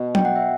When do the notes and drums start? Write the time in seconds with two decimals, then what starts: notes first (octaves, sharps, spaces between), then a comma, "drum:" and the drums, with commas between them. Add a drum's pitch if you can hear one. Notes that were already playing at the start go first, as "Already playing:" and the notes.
Already playing: B2
0.15 G5, drum: tom F#3
0.25 F#5
0.36 E5